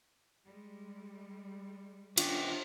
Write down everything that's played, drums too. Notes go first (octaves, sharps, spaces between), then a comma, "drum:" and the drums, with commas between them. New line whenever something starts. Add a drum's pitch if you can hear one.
G3 G#3
D#3 B3 C#4 D4 F4 G5 D6, drum: cymbal